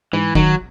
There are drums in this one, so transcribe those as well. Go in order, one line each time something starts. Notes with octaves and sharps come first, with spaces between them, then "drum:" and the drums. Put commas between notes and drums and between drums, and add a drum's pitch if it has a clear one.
G#2 E3
D#3 F#3, drum: kick F1